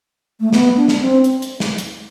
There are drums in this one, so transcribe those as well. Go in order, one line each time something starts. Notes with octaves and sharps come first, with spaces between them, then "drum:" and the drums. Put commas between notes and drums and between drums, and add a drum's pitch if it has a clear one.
A3
B3, drum: snare
D4
drum: snare
C4
drum: hi-hat
drum: hi-hat
drum: snare
drum: hi-hat